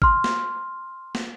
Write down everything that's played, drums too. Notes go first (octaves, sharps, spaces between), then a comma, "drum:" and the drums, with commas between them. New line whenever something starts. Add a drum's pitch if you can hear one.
C6 F6, drum: kick
drum: snare
drum: snare